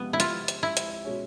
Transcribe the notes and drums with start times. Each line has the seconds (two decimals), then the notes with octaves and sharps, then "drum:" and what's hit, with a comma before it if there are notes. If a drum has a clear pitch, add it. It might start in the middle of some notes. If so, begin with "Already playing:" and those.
Already playing: C#2 C3 F3 B3
0.13 E4
0.20 F4, drum: hi-hat
0.48 drum: hi-hat
0.63 E4
0.77 drum: hi-hat
1.05 B2 G#3 C#4